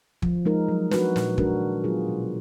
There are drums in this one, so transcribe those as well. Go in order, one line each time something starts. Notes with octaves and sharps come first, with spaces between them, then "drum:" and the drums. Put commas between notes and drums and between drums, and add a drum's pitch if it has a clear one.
F3, drum: kick
G#3 D#4 A#4
F#3
D4 F#4 B4, drum: snare
A#2, drum: snare
G#3 D4 F#4 A#4, drum: kick
D#3
F#3 B3 F4 G#4
B2